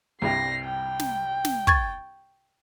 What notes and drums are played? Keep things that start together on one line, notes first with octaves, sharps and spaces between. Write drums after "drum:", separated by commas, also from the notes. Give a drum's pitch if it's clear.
C2 G2 C3 A#6 C7
G5
drum: snare
drum: snare
C#6 G#6 A6, drum: kick